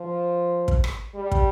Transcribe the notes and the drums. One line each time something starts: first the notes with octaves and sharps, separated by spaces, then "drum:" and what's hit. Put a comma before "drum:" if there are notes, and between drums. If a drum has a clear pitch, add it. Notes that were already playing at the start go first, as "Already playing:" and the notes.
Already playing: F3
drum: kick
drum: rim click
G3
drum: kick